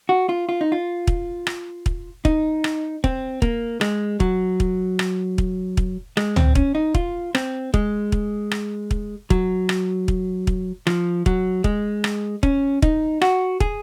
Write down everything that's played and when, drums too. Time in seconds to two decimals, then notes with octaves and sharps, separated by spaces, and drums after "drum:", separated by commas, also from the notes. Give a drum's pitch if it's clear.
0.09 F#4
0.29 F4
0.49 F4
0.61 D#4
0.72 F4
1.07 drum: kick
1.47 drum: rim click
1.86 drum: kick
2.25 D#4, drum: kick
2.64 drum: rim click
3.04 C4, drum: kick
3.42 A#3, drum: kick
3.81 G#3, drum: rim click
4.20 F#3, drum: kick
4.60 drum: kick
4.99 drum: rim click
5.38 drum: kick
5.77 drum: kick
6.17 G#3, drum: rim click
6.36 C4, drum: tom C#2
6.55 C#4, drum: kick
6.75 D#4
6.95 F4, drum: kick
7.35 C4, drum: rim click
7.74 G#3, drum: kick
8.12 drum: kick
8.51 drum: rim click
8.91 drum: kick
9.30 F#3, drum: kick
9.69 drum: rim click
10.08 drum: kick
10.47 drum: kick
10.87 F3, drum: rim click
11.26 F#3, drum: kick
11.64 G#3, drum: kick
12.04 drum: rim click
12.43 C#4, drum: kick
12.82 D#4, drum: kick
13.21 F#4, drum: rim click
13.60 G#4, drum: kick